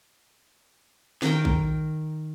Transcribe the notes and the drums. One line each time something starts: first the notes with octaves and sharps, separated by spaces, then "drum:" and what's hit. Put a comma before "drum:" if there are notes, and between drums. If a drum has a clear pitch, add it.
D#3 A#4 G5, drum: snare
drum: kick A1